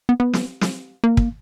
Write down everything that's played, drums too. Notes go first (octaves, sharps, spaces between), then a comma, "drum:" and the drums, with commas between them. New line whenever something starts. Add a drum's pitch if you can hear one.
B3
B3
drum: snare
drum: snare
A#3
drum: kick